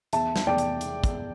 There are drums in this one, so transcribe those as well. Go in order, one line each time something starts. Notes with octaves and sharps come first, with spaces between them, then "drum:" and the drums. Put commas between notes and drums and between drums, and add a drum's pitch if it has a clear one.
E2 E5 A5, drum: hi-hat
drum: snare
E2 D5 G5
drum: hi-hat
drum: hi-hat
drum: kick, hi-hat